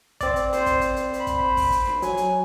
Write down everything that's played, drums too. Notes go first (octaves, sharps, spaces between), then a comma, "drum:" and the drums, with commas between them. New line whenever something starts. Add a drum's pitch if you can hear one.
C4 D5, drum: kick, hi-hat
drum: hi-hat
C5, drum: hi-hat
drum: kick, hi-hat
drum: hi-hat
drum: hi-hat
C5 B5, drum: hi-hat
drum: kick, hi-hat
drum: kick, open hi-hat
drum: hi-hat
drum: snare D4
F#3 G#5, drum: hi-hat
drum: hi-hat